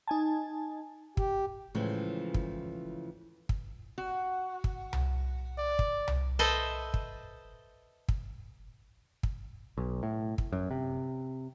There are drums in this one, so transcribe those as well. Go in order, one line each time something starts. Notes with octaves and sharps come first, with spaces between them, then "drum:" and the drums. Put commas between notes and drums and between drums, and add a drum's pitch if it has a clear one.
D#4 G#5 A5
G4, drum: kick
A2 C#3 E3 F3 G#3
drum: kick
drum: kick
F#4
drum: kick
drum: tom C2
D5
drum: kick
drum: tom C2
A4 B4 C5 D#5 E5
drum: kick
drum: kick
drum: kick
B1
A2
drum: kick
F#2
C3